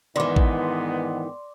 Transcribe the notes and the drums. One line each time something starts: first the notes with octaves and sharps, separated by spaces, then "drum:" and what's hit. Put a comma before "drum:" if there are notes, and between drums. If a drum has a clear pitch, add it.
G#2 D#3 E3 B3 D5 C6 D6
drum: kick A1